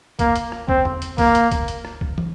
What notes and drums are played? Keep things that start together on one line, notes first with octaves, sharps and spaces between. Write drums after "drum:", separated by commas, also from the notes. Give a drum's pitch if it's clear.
A#3, drum: kick, hi-hat
drum: hi-hat
drum: rim click
C4, drum: kick
drum: tom E2
drum: hi-hat
A#3, drum: kick, open hi-hat
drum: hi-hat
drum: kick, hi-hat
drum: hi-hat
drum: rim click
drum: kick
drum: tom